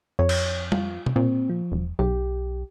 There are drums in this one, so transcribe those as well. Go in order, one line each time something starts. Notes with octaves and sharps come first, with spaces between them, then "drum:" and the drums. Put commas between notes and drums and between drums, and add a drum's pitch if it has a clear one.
F2 C#5
drum: cymbal
F4, drum: tom G3
drum: tom B2
A#2 C4
F3
E1
B1 G4